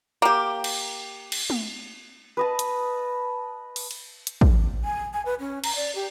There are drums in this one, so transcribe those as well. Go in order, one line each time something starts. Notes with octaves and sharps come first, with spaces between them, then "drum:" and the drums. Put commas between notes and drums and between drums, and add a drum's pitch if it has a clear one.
A#3 G4
drum: cymbal
drum: cymbal
drum: tom
B4 D#5 A5
drum: hi-hat
drum: open hi-hat
drum: cymbal
drum: hi-hat
drum: kick
G#5
G#5
B4
C#4
A#5, drum: cymbal
D5
G4